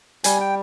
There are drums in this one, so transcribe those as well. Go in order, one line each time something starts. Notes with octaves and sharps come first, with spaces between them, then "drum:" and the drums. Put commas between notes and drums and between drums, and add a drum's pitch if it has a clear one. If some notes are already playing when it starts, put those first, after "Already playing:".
G3 G#5, drum: hi-hat
G5